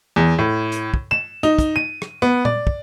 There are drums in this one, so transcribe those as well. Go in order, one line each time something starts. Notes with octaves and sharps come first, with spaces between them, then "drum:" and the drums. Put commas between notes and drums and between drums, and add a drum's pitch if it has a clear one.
E2
A2
drum: hi-hat
drum: kick
E7
D#4
drum: kick, hi-hat
D#7
drum: rim click
B3
D5, drum: tom A#2
drum: kick